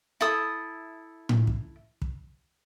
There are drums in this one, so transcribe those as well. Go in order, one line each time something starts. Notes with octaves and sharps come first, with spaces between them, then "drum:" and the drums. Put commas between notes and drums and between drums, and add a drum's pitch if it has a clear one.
E4 A4 D#6
drum: tom A2
drum: kick
drum: kick